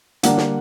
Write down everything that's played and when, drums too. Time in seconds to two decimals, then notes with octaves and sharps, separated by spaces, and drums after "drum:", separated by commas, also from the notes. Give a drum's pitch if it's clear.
0.23 D3 G3 A#3 D4 F#5, drum: hi-hat
0.37 drum: snare